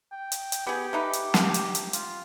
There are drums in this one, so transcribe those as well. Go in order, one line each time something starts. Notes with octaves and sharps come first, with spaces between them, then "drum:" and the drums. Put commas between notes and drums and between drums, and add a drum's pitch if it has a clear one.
G5
drum: hi-hat
drum: hi-hat
B3 G4 G#4
A3 D#4 B4
drum: hi-hat
drum: snare
drum: hi-hat
drum: hi-hat
F4, drum: hi-hat